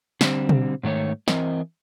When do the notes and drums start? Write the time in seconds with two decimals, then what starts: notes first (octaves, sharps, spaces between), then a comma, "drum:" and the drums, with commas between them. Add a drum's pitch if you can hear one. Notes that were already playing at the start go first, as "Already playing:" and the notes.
0.21 D3 G3 C4, drum: snare
0.49 drum: tom B2
0.83 G#2 D#3 A3 C#5
1.28 E3 C4 A#4 D#5, drum: snare